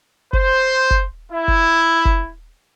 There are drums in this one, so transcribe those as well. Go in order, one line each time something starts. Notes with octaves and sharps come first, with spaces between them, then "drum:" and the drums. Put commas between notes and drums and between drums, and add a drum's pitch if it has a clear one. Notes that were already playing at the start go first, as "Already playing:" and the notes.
C5, drum: kick F#1
drum: kick F#1
E4
drum: kick F#1
drum: kick F#1